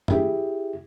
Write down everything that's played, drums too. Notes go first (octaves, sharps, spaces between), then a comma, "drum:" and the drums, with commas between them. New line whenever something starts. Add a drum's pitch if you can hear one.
E4 G4 G#4 E5, drum: tom